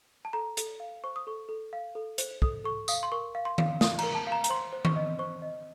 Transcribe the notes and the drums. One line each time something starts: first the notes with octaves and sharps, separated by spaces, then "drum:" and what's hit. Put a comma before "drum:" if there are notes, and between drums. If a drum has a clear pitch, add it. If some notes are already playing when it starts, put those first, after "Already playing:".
A5
A4 A#5
A4, drum: hi-hat
F5
C5 C#6
D#6
A4 C#6
A4
F5
A4
C5, drum: hi-hat
A4 D#6, drum: kick
A4 C#6
F5 D#6, drum: tambourine
C6
A#4 C#6
F5
C6
F5, drum: tom D#3
F5 D#6, drum: snare
A#4 A#5, drum: cymbal
A5
F5
A#5
A#5, drum: hi-hat
C5 C6
C5
C#6, drum: tom D#3
D#5
C5 C#6
D#5